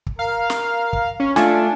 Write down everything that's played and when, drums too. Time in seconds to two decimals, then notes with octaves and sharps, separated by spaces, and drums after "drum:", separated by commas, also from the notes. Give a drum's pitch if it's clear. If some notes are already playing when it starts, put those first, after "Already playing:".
0.06 drum: kick
0.19 A#4 F5
0.50 drum: snare
0.93 drum: kick
1.20 C#4
1.36 A3 D4 F4 G#5, drum: snare